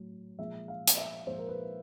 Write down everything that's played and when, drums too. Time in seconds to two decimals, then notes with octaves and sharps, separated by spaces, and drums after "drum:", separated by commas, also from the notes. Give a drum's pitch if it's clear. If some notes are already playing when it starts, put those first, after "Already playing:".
Already playing: A2 F#3
0.38 A#2 F3 G#3 E5
0.68 F5
0.87 drum: hi-hat
0.97 E5
1.27 A#2 F3 G#3 C5
1.38 A#4
1.49 B4